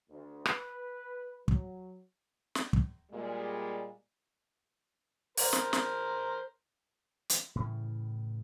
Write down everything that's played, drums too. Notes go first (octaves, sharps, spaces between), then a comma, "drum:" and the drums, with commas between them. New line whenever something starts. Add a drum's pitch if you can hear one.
D2
B4, drum: rim click
F#3, drum: kick
drum: snare
drum: kick
A#2 G3 G#3
A#4 C5, drum: open hi-hat
drum: snare
drum: snare
drum: hi-hat
A2 C#3 E3